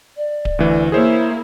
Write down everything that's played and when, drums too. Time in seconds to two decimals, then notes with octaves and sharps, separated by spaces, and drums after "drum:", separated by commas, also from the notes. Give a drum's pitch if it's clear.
0.17 D5
0.45 drum: kick D1
0.59 D2 E3
0.92 A#3 E4 G#4 A#4 C5 C#5